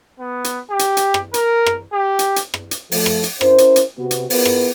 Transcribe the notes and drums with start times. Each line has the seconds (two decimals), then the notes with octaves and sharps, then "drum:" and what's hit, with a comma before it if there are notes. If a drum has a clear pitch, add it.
0.20 B3
0.44 drum: hi-hat
0.70 G4
0.79 drum: hi-hat
0.97 drum: hi-hat
1.14 drum: rim click
1.34 A#4, drum: hi-hat
1.66 drum: rim click
1.93 G4
2.19 drum: hi-hat
2.36 drum: hi-hat
2.54 drum: rim click
2.71 drum: hi-hat
2.92 F3 A3 A4, drum: open hi-hat
3.06 drum: rim click
3.23 drum: hi-hat
3.41 C#4 E4 A#4 C5, drum: rim click
3.58 drum: hi-hat
3.76 drum: hi-hat
3.98 C3 B3 F#4
4.11 drum: hi-hat
4.30 B3 E4 F4 G#4 A#4 B4, drum: open hi-hat
4.46 drum: rim click